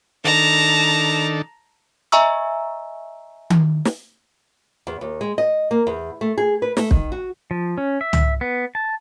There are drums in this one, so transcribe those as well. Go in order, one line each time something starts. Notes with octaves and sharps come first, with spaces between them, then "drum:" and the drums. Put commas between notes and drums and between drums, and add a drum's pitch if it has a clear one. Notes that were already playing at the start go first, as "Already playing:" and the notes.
D#3 D4 A4 A5 A#5
D#5 E5 G#5 A#5 C#6 E6
drum: tom D#3
drum: snare
E2
D#2
G#3
D#5
A#3
E2
A3
G#4
B4
A3, drum: snare
D#3, drum: kick
F#4
F3
C#4
E5
drum: tom
B3
A5